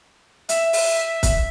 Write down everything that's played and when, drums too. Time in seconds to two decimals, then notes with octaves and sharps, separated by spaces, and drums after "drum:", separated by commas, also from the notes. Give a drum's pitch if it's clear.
0.49 E5, drum: hi-hat
0.73 drum: open hi-hat
1.23 drum: kick, hi-hat